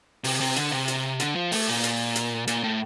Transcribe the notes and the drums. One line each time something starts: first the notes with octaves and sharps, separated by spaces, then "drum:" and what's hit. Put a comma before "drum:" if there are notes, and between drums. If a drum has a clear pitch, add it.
C3, drum: open hi-hat
C3
D3, drum: hi-hat
C3
drum: hi-hat
D3, drum: hi-hat
F3
A3, drum: open hi-hat
A#2
drum: hi-hat
drum: hi-hat
A#2, drum: hi-hat
A2